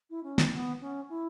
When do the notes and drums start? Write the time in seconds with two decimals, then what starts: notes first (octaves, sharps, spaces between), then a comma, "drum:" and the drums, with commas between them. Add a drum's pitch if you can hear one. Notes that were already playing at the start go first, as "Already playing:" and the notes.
0.10 E4
0.23 C#4
0.38 drum: snare
0.53 B3
0.81 C#4
1.09 E4